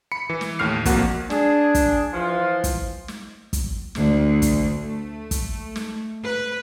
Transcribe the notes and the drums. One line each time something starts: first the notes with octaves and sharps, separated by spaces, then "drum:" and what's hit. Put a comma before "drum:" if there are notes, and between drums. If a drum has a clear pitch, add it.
B5 C#7
E3
drum: snare
D#2 A2 F6 C7
A#1 F2 A#3 F#4 F#5, drum: kick, hi-hat
D4 G#4, drum: snare
drum: kick, hi-hat
E3 F3 F4
drum: kick, hi-hat
drum: snare
drum: kick, hi-hat
D2, drum: snare
drum: kick, hi-hat
A3
drum: kick, hi-hat
drum: snare
B4